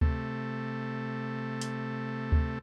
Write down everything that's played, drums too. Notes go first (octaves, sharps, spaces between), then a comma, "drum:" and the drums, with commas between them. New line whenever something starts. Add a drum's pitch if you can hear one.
C3 A3, drum: kick D2
drum: hi-hat
drum: kick D2